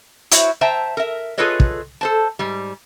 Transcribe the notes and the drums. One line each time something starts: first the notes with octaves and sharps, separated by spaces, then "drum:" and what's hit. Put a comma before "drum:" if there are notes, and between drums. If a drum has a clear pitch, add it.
E4 F#4 C5 C#5 E5, drum: hi-hat
C5 E5 G5 A5 A#5
A#4 E5
F4 G#4 A4 B4 C#5 D#5
drum: kick
A4 C5 A5
G#2 G3